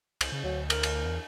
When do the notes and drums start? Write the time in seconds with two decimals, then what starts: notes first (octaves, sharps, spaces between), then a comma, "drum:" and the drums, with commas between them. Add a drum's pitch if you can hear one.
0.21 C2, drum: cymbal
0.32 C#3
0.44 D2 F#3
0.70 A#4, drum: cymbal
0.83 drum: cymbal
1.05 E2